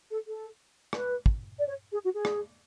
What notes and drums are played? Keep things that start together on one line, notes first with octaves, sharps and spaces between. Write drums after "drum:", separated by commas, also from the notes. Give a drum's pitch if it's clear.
A4
A4
B4, drum: rim click
drum: kick
D5
C#5
G#4
F#4
G#4
drum: rim click